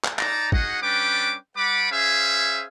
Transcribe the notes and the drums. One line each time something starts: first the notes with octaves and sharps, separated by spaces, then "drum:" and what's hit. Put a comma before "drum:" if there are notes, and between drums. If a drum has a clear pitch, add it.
drum: clap
D#4 D5 A5 A#5, drum: clap
D#4 F#4 G#4 D#5 F#5, drum: kick
G3 C#4 D4 B4 G5 D6
G3 B4 F#5 B5 D6
C#4 G#4 C5 E5 F5 G#5